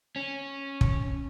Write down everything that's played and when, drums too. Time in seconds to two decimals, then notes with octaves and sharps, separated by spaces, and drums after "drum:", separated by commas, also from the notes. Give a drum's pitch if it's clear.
0.16 C#4
0.81 drum: kick